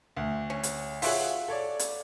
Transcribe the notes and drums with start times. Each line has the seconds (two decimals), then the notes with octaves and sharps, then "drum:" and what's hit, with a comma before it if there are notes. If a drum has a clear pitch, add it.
0.17 D2
0.50 C#4
0.63 drum: hi-hat
1.02 F4 F#4 G#4 C#5 E5, drum: open hi-hat
1.48 A4 C#5 D5
1.79 drum: hi-hat